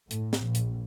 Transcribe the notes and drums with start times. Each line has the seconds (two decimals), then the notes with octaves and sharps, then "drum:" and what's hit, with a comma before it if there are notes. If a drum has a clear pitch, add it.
0.11 A2, drum: hi-hat
0.33 drum: snare
0.43 A#1
0.55 drum: hi-hat